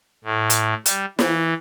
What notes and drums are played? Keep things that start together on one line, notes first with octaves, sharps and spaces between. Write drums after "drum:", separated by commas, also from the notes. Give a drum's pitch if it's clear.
A2
drum: hi-hat
G3, drum: hi-hat
E3, drum: snare